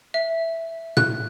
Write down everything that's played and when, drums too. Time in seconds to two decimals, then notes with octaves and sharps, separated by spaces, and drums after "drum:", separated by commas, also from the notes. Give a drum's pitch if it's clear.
0.14 E5
0.97 F#6, drum: tom